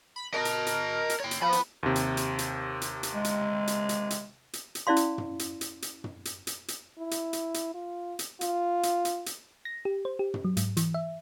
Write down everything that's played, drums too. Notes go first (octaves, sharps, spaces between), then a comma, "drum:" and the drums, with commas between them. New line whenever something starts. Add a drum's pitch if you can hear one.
B5
A#4 D#5 A5
drum: hi-hat
drum: hi-hat
drum: hi-hat
C#5 G5
drum: hi-hat
F3 B3 B5
drum: hi-hat
D#2 C3
drum: hi-hat
drum: hi-hat
drum: hi-hat
drum: hi-hat
drum: hi-hat
G#3
drum: hi-hat
drum: hi-hat
drum: hi-hat
drum: hi-hat
drum: hi-hat
drum: hi-hat
C#4 E4 D5 F5 C6
drum: hi-hat
drum: tom
drum: hi-hat
drum: hi-hat
drum: hi-hat
drum: tom
drum: hi-hat
drum: hi-hat
drum: hi-hat
E4
drum: hi-hat
drum: hi-hat
drum: hi-hat
F4
drum: hi-hat
F4, drum: hi-hat
drum: hi-hat
drum: hi-hat
drum: hi-hat
A#6
G4
C5
G4
drum: tom
F#3
G#2, drum: hi-hat
E3, drum: hi-hat
E5